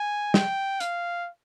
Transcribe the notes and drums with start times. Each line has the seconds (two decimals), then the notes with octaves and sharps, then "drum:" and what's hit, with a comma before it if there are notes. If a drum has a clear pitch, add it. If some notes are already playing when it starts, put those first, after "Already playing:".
Already playing: G#5
0.34 G5, drum: snare
0.80 F5, drum: hi-hat